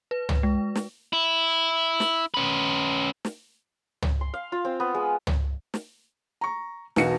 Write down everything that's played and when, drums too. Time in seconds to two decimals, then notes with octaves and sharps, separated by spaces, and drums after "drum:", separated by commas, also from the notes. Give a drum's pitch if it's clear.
0.11 B4
0.29 drum: tom C#2
0.43 G#3
0.75 drum: snare
1.13 E4
2.00 drum: snare
2.34 C#4 B4
3.25 drum: snare
4.02 drum: tom C#2
4.21 C6
4.34 F5
4.52 F4
4.65 C4
4.80 B3
4.95 G#3
5.27 drum: tom C#2
5.74 drum: snare
6.41 A#5 C#6
6.96 E1 B1 B3 D#4 F#4 C#7, drum: snare